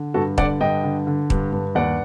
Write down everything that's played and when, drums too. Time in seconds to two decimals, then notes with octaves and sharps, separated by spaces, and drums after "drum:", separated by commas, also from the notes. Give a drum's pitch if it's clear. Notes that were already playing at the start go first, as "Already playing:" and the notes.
Already playing: D3
0.14 G2 F#4 A4
0.38 D3 D5 F#5, drum: kick
0.60 G2 D#5 G5
0.84 D3
1.07 D3
1.30 G2, drum: kick
1.52 G2
1.75 D#2 D5 F#5